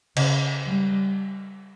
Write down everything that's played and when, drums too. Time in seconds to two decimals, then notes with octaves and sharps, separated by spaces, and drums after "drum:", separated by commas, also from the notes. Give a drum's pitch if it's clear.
0.17 C#3, drum: cymbal
0.66 G3